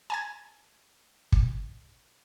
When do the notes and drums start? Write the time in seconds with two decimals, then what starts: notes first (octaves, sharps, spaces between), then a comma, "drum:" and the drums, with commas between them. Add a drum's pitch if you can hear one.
0.10 G#5 A5 G#6
1.32 drum: kick